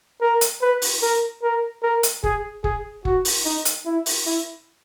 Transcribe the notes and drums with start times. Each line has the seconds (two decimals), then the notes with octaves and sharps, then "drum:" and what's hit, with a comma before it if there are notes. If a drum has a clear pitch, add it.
0.21 A#4
0.41 drum: hi-hat
0.62 B4
0.82 drum: open hi-hat
1.02 A#4
1.43 A#4
1.83 A#4
2.03 drum: hi-hat
2.24 G#4, drum: kick F#1
2.64 G#4, drum: kick F#1
3.05 F#4, drum: kick F#1
3.25 drum: open hi-hat
3.45 D#4
3.65 drum: hi-hat
3.86 E4
4.06 drum: open hi-hat
4.26 E4